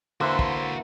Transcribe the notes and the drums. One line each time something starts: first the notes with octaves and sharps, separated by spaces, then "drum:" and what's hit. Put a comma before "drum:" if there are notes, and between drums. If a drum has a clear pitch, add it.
D3 E3 A#3 F#4 C5 E5
drum: kick